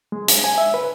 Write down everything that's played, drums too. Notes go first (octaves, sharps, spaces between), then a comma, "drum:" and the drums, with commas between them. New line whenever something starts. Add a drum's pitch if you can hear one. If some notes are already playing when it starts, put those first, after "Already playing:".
G#3
drum: hi-hat
G#5
E5
B4